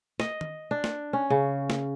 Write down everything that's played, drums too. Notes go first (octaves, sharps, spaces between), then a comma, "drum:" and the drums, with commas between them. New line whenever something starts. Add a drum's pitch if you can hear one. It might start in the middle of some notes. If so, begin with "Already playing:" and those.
D#5, drum: snare
drum: tom D#3
D4
drum: snare
C#4
C#3
drum: snare